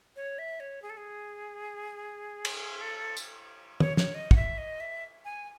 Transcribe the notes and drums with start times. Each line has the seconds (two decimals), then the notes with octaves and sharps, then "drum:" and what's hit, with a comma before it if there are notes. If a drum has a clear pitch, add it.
0.16 C#5
0.39 E5
0.60 C#5
0.82 G#4
0.90 A4
0.97 G#4
2.45 drum: cymbal
2.81 A4
3.17 drum: tambourine
3.80 C#5, drum: tom
3.97 C#5, drum: snare
4.14 D#5
4.31 F#5, drum: kick
4.36 E5
4.58 D#5
4.80 E5
5.25 G#5